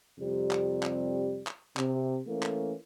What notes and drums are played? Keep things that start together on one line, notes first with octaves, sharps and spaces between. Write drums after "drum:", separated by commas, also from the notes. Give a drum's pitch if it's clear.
F2 C3 G3
drum: clap
drum: clap
drum: clap
C3, drum: clap
E3 A3 A#3 C#4
drum: clap